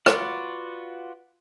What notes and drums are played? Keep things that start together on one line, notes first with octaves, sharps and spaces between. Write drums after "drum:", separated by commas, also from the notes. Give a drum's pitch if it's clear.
F4 F#4 B4 D5 F#5, drum: rim click